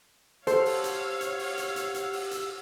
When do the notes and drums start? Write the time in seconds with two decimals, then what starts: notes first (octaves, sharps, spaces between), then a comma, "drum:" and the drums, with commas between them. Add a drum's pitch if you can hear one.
0.47 G4 A4 C5 C#5 F5 F#5 E6, drum: hi-hat
0.65 drum: open hi-hat
0.84 drum: hi-hat
1.21 drum: hi-hat
1.39 drum: open hi-hat
1.58 drum: hi-hat
1.76 drum: hi-hat
1.94 drum: hi-hat
2.13 drum: open hi-hat
2.31 drum: hi-hat